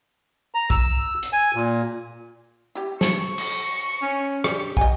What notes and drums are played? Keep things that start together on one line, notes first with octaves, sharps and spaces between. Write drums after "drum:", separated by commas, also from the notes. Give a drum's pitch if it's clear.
A#5
E6, drum: kick
drum: hi-hat
G#5
A#2
E4 G4
A5 C#6, drum: snare
drum: cymbal
C#4
D4 G4, drum: rim click
D#5 G#5, drum: kick